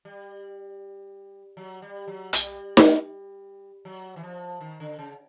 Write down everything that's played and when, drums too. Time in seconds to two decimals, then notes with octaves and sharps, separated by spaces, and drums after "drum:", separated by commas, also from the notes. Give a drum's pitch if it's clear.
0.05 G3
1.57 F#3
1.82 G3
2.08 F#3
2.33 G3, drum: hi-hat
2.77 drum: snare D#4
3.85 F#3
4.16 E3
4.23 F3
4.61 D#3
4.80 D3
4.99 C#3